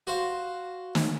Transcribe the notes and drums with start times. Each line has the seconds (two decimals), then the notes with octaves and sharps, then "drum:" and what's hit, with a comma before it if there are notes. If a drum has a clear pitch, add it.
0.07 F#4 C5 F5
0.95 drum: snare